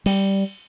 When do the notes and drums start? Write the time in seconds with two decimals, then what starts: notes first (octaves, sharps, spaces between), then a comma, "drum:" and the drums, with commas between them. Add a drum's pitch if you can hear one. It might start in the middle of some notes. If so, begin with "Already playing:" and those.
0.06 G3, drum: cymbal